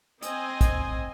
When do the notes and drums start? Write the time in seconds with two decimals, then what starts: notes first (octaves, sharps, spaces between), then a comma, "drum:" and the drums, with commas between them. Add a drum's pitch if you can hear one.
0.23 C4 D#5 G#5, drum: hi-hat
0.61 drum: kick, hi-hat